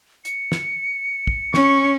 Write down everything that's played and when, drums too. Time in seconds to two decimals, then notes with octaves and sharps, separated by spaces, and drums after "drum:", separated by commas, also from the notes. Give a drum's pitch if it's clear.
0.25 C#7, drum: hi-hat
0.52 drum: snare
1.27 drum: kick
1.54 C#4 C#6, drum: snare